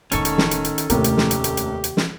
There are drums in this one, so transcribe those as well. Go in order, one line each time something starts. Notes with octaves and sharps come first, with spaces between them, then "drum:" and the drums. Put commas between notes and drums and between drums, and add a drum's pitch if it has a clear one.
E1 A2 D#3 C#4 A4 C#6, drum: hi-hat
drum: hi-hat
drum: snare
drum: hi-hat
drum: hi-hat
drum: hi-hat
F1 D#2 A2 C3 G4 A#4, drum: hi-hat
drum: hi-hat
drum: snare
drum: hi-hat
drum: hi-hat
drum: hi-hat
drum: hi-hat
drum: snare